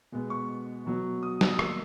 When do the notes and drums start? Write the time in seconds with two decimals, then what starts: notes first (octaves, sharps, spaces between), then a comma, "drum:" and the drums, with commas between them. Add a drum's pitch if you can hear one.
0.12 B2 G#3 B3
0.30 C#6
0.86 B2 F#3 B3
1.23 D#6
1.41 E6, drum: snare
1.59 D#3 A#3 E6, drum: rim click